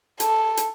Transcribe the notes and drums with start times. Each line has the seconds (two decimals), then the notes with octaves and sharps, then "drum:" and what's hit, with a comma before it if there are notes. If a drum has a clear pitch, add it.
0.20 A4, drum: hi-hat
0.57 drum: hi-hat